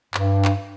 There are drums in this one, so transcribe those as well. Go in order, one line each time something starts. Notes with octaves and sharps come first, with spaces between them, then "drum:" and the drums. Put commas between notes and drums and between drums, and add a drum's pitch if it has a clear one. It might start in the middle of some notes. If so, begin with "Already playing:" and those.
G2, drum: clap
drum: clap